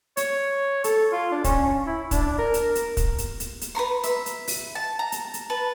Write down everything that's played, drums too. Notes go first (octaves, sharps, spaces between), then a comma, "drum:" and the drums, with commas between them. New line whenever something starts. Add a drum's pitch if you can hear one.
C#5, drum: hi-hat
A4, drum: hi-hat
F4
D4
C#4, drum: kick, hi-hat
E4
D4, drum: kick, hi-hat
A#4
drum: hi-hat
drum: hi-hat
drum: kick, hi-hat
drum: hi-hat
drum: hi-hat
drum: hi-hat
B4 C#5 A#5 C6
E5, drum: hi-hat
drum: hi-hat
drum: open hi-hat
A5
A#5
drum: hi-hat
drum: hi-hat
B4 A5